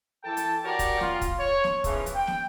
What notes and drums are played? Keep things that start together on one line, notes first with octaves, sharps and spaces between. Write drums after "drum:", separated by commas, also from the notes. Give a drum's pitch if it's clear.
E3 A4 G5 A5
drum: hi-hat
F#4 G4 A#4 C#5 D5 G5
drum: kick, hi-hat
F4, drum: snare
drum: kick, hi-hat
C#5
drum: snare
C#3 E3 F3, drum: kick, hi-hat
drum: hi-hat
G5
drum: snare